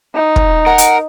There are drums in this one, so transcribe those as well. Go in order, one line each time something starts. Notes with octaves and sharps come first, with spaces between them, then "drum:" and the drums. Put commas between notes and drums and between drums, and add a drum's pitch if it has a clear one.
D#4
drum: kick
A#4 F#5
drum: hi-hat